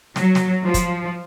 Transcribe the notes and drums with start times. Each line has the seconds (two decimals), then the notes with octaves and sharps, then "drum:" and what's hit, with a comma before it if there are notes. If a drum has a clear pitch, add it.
0.16 F#3, drum: snare
0.35 drum: snare
0.65 F3
0.74 drum: kick, hi-hat